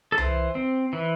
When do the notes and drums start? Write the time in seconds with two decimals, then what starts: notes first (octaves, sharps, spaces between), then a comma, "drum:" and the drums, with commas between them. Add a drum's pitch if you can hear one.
0.12 A4
0.18 E3 C5, drum: tom C2
0.55 C4
0.93 E3